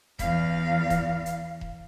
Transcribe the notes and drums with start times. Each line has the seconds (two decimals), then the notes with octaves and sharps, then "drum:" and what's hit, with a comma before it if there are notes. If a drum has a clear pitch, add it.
0.19 E2 F5, drum: kick E1, hi-hat
0.90 drum: kick E1, hi-hat
1.26 drum: hi-hat
1.61 drum: kick E1